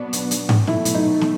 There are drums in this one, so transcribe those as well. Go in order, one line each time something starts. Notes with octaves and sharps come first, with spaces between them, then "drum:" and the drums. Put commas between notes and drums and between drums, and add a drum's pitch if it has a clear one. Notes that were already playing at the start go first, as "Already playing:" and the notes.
Already playing: B2 F#3 B3 D4
drum: hi-hat
drum: hi-hat
drum: tom G#2
B2 F#3 A3 E4, drum: snare
drum: hi-hat
D#4
drum: snare